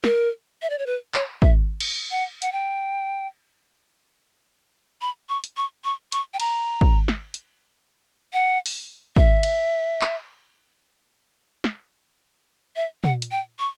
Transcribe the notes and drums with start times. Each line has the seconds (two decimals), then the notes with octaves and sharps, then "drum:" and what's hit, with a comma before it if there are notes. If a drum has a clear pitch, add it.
0.04 A#4, drum: snare
0.62 E5
0.70 D5
0.79 C#5
0.86 B4
1.14 C#5, drum: clap
1.42 E5, drum: kick
1.80 drum: cymbal
2.11 F#5
2.42 F#5, drum: hi-hat
2.52 G5
5.01 B5
5.29 C#6
5.44 drum: hi-hat
5.57 C#6
5.84 C#6
6.12 C#6, drum: hi-hat
6.34 G5
6.40 A#5, drum: cymbal
6.81 drum: kick
7.08 drum: snare
7.34 drum: hi-hat
8.33 F#5
8.66 drum: open hi-hat
9.16 E5, drum: kick
9.43 drum: cymbal
10.01 drum: clap
11.64 drum: snare
12.76 E5
13.04 F#5, drum: tom
13.22 drum: hi-hat
13.31 G5
13.59 C#6